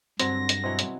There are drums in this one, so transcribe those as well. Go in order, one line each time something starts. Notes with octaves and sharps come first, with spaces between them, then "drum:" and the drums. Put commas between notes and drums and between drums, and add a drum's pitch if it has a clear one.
G2 D3 F#3 C4 A#6, drum: hi-hat
drum: hi-hat
B2 E3 F#3 C4
drum: hi-hat